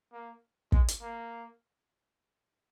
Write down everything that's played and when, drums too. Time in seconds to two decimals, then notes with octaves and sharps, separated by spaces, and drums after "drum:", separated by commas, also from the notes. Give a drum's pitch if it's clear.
0.13 A#3
0.72 G#3, drum: kick
0.88 drum: hi-hat
1.01 A#3